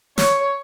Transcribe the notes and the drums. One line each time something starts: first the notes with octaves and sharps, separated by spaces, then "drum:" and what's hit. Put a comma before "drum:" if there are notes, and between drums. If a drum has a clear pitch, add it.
C#5, drum: snare